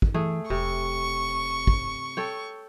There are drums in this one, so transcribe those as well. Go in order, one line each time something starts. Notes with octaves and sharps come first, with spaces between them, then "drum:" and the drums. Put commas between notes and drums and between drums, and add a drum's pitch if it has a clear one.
drum: kick
E3 A3 G#4
E1 C3 C#6
drum: kick
A4 C#5 G5